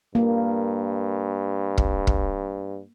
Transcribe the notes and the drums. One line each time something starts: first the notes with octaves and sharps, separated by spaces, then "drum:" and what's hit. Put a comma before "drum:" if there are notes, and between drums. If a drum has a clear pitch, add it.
G2 A#3
drum: kick
drum: kick